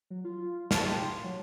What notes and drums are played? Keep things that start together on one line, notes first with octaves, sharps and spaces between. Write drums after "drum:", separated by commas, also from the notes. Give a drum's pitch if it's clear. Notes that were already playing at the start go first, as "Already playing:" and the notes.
F#3
F4
B2 F5 A5, drum: snare
G4 C6
F#3